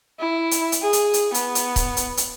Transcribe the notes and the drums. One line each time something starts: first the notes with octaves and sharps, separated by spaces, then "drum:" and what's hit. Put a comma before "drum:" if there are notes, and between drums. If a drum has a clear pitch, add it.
E4
drum: hi-hat
drum: hi-hat
G#4
drum: hi-hat
drum: hi-hat
B3, drum: hi-hat
drum: hi-hat
drum: kick C#1, hi-hat
drum: hi-hat
drum: hi-hat